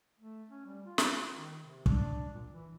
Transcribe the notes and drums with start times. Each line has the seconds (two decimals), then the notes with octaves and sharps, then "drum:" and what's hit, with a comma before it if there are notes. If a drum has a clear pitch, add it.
0.20 A3
0.49 C#4
0.66 G3
0.86 F4
0.98 drum: snare
1.36 D#3
1.63 C3
1.86 D4, drum: kick
2.33 A#2
2.52 E3